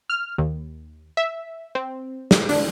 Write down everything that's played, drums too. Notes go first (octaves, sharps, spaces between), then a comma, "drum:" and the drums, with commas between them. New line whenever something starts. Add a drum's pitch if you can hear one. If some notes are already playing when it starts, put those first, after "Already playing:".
F6
D#2
E5
C4
drum: snare
D4, drum: open hi-hat